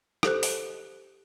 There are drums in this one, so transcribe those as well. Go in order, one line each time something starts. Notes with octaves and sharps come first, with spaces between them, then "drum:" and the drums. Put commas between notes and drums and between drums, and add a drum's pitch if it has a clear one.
G4 A4 C5 F#6, drum: rim click
drum: open hi-hat